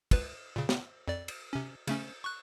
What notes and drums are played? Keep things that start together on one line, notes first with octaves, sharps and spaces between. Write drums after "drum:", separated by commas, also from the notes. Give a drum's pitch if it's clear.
C#2 B4, drum: kick, cymbal
A#2 C#3
drum: snare
F2 D5
drum: cymbal
C3 C#4
C#3 A3 C#4, drum: cymbal
C#6 F#6